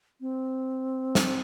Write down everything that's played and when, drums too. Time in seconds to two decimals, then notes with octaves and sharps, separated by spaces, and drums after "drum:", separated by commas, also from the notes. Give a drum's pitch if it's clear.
0.21 C4
1.15 drum: snare